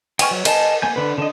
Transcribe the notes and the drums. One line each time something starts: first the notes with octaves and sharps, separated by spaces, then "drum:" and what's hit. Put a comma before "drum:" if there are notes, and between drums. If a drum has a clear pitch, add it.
G5 G#5 C#6 F6, drum: cymbal
F#3
A#4 D#5 G#5 A5, drum: cymbal
A#3 G#5 G6
D3 B4
D3 D#5